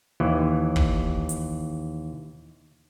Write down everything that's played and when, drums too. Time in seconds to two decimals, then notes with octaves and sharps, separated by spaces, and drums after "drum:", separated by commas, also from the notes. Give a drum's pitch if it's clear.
0.20 D#2 E3
0.76 drum: kick
1.29 drum: hi-hat